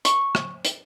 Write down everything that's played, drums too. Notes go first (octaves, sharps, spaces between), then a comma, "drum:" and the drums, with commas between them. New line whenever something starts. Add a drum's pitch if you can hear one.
C#6, drum: hi-hat
drum: rim click
drum: hi-hat